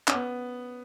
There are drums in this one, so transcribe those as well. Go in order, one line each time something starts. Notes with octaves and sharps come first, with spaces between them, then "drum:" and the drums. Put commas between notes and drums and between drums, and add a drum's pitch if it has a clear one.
C#4, drum: clap
B3